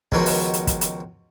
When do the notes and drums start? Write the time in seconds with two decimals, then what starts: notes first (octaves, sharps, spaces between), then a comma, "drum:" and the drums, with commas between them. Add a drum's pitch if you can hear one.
0.12 C#2 B2 D#3 F3 F#4, drum: kick
0.26 drum: open hi-hat
0.53 drum: hi-hat
0.67 drum: kick, hi-hat
0.81 drum: hi-hat